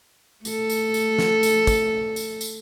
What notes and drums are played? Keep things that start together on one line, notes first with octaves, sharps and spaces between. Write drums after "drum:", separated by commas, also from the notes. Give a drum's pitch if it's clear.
A3 A4, drum: tambourine
drum: tambourine
drum: tambourine
drum: snare
drum: tambourine
drum: kick, tambourine
drum: tambourine
drum: tambourine